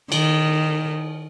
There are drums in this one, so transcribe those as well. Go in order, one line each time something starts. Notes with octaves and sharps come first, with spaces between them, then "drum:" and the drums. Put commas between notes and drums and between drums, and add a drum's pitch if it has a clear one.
D#3, drum: cymbal